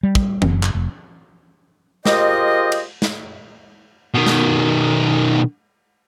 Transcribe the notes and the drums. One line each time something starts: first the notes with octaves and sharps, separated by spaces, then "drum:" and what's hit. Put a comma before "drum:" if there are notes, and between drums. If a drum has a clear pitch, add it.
G3
drum: kick
F#1, drum: tom E3
drum: clap
F1
F4 G4 G#4 A#4 C5 D#5, drum: snare
drum: cymbal
drum: snare
B2 D#3
drum: snare